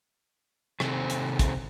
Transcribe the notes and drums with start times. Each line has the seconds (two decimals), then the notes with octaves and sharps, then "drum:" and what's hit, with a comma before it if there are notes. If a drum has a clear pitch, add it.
0.80 C3 D#3 C4 A4, drum: rim click
1.10 drum: hi-hat
1.39 drum: kick, hi-hat